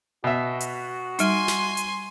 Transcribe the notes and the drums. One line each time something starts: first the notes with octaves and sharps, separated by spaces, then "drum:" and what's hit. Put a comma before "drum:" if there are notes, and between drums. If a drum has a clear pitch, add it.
B2 F#4 E5
drum: hi-hat
G3 D#4 G#5 C6, drum: hi-hat
drum: snare
drum: hi-hat